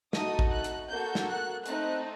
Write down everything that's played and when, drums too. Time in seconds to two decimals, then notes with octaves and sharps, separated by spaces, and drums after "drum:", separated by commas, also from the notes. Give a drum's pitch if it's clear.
0.13 A3 D#4 F#4 A4 D#6, drum: snare
0.39 drum: kick A1
0.52 F#6
0.64 drum: hi-hat
0.89 A#3 F#4 A4 G6
1.15 drum: snare
1.28 F#6
1.66 A3 C4 D#4 F#6, drum: hi-hat